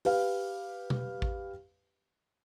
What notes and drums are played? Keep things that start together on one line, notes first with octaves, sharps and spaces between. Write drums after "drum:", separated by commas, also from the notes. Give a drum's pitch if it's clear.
G4 B4 F5, drum: open hi-hat
drum: tom B2
drum: kick A1